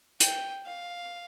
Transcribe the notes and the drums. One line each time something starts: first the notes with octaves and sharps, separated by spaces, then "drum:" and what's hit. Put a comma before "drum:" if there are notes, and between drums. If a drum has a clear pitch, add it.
G5, drum: hi-hat
F5